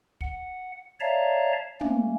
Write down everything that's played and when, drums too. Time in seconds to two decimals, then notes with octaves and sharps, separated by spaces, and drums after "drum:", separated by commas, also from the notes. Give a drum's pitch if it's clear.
0.21 F#5, drum: kick
1.00 C#5 D5 E5 F5 A5 A#5
1.81 A3 A#3 C#4, drum: tom